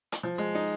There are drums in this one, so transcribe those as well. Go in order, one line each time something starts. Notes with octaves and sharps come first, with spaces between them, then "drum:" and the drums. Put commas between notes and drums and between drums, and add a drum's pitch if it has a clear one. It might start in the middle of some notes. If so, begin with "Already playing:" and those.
drum: hi-hat
F3
G#3
D#4